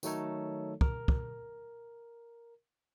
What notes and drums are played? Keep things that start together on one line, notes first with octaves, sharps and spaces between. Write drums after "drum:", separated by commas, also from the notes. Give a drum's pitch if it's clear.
D#3 F#3 A3 D#4 A4 C#5, drum: tambourine
A#4, drum: kick
drum: kick